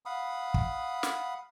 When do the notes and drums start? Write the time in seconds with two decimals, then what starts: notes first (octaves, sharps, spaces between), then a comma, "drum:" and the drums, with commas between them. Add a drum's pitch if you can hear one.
0.06 F5 F#5 B5 D#6
0.54 drum: kick
1.03 drum: snare